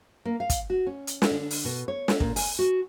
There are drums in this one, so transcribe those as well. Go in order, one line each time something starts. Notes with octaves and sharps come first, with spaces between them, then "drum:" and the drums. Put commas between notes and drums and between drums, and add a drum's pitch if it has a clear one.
A#3
F5
drum: kick, hi-hat
F#4
C#4
drum: hi-hat
drum: snare
D3
drum: open hi-hat
B2
C#5
drum: snare
A#2, drum: kick
G#5, drum: open hi-hat
F#4